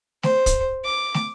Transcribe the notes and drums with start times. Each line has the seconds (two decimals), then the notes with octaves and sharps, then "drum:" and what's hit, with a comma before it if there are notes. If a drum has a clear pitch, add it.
0.23 C5, drum: snare
0.46 drum: kick, hi-hat
0.84 D6
1.14 drum: snare